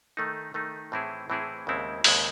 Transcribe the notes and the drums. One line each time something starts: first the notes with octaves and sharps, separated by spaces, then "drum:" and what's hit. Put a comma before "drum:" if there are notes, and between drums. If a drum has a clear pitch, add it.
D#3 A3 D#4
D#3 A3 D#4
A2 E3 C4 E4 G#4
A2 E3 C4 E4 G#4
D#2 C#3 G#3 C4 E4
D#2 C#3 G#3 C4 E4, drum: open hi-hat